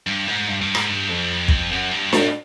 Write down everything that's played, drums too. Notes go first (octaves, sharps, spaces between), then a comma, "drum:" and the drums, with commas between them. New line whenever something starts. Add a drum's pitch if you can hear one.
G2
G#2
G2
G2
G#2, drum: rim click
G2
F2
drum: kick
F#2
G2
A2, drum: snare D4